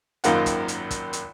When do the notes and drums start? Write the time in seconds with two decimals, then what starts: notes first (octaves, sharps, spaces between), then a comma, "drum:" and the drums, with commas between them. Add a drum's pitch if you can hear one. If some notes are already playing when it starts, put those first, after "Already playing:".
0.24 G#1 F#2 D#3 A#3 F4 F#5, drum: hi-hat
0.46 drum: kick, hi-hat
0.68 drum: hi-hat
0.91 drum: kick, hi-hat
1.13 drum: hi-hat